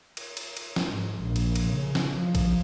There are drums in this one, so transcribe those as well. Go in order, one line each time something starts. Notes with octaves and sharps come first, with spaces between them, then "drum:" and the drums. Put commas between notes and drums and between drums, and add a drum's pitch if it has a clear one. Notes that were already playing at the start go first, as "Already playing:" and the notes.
drum: cymbal
drum: cymbal
drum: cymbal
drum: snare
G#2
A#1
drum: cymbal
drum: cymbal
C#3
drum: snare
F3
drum: kick, cymbal